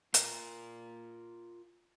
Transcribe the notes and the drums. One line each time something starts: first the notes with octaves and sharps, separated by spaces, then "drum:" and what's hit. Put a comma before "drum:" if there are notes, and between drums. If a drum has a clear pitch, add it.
F4 A#4, drum: hi-hat